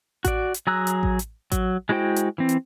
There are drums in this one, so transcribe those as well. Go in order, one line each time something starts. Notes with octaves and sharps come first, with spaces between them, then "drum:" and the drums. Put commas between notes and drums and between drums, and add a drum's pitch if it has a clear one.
F#4 D5, drum: kick A1, hi-hat
drum: hi-hat
F#3 G#4 A#5 E6 F#6
drum: hi-hat
drum: kick A1
drum: hi-hat
F#3, drum: kick A1, hi-hat
G#3 E4 F#4 C5 G5
drum: hi-hat
E3 C4
drum: hi-hat